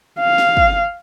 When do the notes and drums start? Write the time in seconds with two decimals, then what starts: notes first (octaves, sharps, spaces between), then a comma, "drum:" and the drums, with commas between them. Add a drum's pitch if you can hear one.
0.20 F5
0.38 drum: snare
0.57 drum: kick